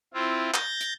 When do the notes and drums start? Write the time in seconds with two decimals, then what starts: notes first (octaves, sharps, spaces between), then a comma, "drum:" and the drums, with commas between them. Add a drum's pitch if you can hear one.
0.14 C4 E4 F4
0.54 G6 A6 A#6, drum: clap
0.81 drum: hi-hat